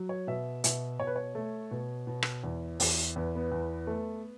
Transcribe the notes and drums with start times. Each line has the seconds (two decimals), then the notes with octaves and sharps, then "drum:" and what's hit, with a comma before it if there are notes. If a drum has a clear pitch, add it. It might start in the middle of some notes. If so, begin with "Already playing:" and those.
Already playing: F#3
0.09 C#5
0.27 B2 E5
0.64 B2 E5, drum: hi-hat
0.99 B2 C#5
1.07 B4
1.16 C#5
1.35 A3
1.71 B2
2.07 B2
2.23 drum: rim click
2.44 E2
2.80 E2, drum: open hi-hat
3.16 E2 B3
3.35 B3
3.52 E2
3.87 A3